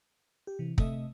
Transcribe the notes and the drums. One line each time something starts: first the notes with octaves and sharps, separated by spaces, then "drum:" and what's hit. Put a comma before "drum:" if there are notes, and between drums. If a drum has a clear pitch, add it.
G4
C3 E3
C3 A3 D#5 E5, drum: kick